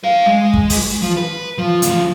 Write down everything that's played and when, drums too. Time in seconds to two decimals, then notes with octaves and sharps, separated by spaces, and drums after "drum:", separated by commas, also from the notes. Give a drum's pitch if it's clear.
0.04 B4 F5
0.26 G#3
0.53 drum: kick
0.70 drum: open hi-hat
1.02 F3
1.17 B4
1.58 F3
1.82 D2 F3, drum: hi-hat